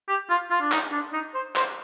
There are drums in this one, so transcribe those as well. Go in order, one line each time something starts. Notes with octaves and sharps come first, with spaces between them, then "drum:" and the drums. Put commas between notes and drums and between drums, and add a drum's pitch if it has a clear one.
G4
F4
F4
D4
D#4, drum: clap
D4
D#4
C5
C5, drum: clap